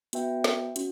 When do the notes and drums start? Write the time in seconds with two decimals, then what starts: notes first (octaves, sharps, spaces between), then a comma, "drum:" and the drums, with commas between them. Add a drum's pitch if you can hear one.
0.13 B3 F#4 B4 E5 G5, drum: hi-hat
0.44 drum: snare
0.76 C#4 F#4, drum: hi-hat